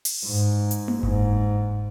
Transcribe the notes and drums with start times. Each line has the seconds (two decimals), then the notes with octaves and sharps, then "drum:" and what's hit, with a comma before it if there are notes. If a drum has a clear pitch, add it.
0.05 drum: open hi-hat
0.26 G#2
0.71 drum: hi-hat
0.88 drum: tom A#3
1.03 G#2, drum: kick F#1